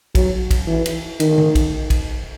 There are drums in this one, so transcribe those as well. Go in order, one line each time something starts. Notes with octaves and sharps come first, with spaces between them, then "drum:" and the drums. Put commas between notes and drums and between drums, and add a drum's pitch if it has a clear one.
F#3, drum: kick, cymbal
drum: kick, cymbal
E3
drum: cymbal
D#3, drum: cymbal
drum: tom D3
drum: kick, cymbal
drum: kick, cymbal